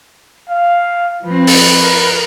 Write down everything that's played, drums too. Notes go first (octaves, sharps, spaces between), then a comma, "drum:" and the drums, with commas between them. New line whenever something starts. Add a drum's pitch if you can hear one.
F5
F3 C4 B4
drum: open hi-hat
A#4